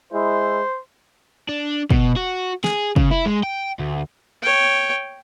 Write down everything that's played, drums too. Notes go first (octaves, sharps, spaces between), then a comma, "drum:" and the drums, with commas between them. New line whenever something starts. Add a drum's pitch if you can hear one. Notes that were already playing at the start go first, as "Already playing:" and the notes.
G#3 E4 C5
D4
B2, drum: kick
F#4
G#4, drum: snare
C#3, drum: kick
E4
G#3
G5
D2
C#5 G5